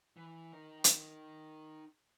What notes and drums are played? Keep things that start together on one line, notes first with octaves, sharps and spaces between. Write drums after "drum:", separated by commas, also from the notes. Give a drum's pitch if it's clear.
E3
D#4 A#4
drum: hi-hat